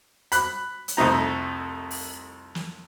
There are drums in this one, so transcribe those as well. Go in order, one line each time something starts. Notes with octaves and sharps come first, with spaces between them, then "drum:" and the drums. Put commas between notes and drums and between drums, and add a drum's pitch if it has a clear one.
B5 F#6, drum: hi-hat
drum: hi-hat
C2 F2 A3 D#4 A#5
drum: open hi-hat
drum: snare